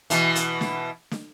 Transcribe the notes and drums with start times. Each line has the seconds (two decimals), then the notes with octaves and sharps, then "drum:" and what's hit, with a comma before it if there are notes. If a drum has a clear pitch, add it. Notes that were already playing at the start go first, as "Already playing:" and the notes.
0.10 B2 E3, drum: hi-hat
0.35 drum: hi-hat
0.61 drum: snare
1.11 drum: snare